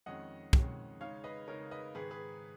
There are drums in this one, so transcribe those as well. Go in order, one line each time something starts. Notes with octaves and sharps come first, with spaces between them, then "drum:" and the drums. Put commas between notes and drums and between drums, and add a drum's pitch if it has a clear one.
F2 D#3 G#3 C#4 D#5 F#5
F2 D#3 G#3 C#4, drum: kick
C#3 G#3 D#4 C#5 F5
B4 D#5
C#3 G#3 D#4 A#4 C#5
B4 D#5
G#2 D#3 G#3 D#4 G#4 B4
G#4 B4